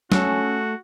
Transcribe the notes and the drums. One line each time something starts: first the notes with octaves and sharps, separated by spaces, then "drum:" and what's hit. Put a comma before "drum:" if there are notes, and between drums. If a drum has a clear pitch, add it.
A3 C#4 F#4 A4, drum: snare